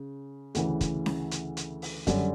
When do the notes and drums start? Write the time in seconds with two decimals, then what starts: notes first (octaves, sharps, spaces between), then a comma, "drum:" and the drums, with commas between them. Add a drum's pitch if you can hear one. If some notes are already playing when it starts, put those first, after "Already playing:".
Already playing: C#3
0.55 D2 C#3 E3, drum: hi-hat
0.81 drum: kick, hi-hat
1.06 drum: snare C#4
1.31 drum: hi-hat
1.57 drum: hi-hat
1.82 drum: open hi-hat
2.07 F#2 D3 G3 D5, drum: kick, hi-hat